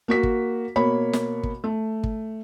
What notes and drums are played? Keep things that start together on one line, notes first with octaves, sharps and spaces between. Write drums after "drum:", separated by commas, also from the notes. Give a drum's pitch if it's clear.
A#3 F#4 B6
drum: kick
B2 A#3 C#5 B5
drum: snare
drum: kick
A3
drum: kick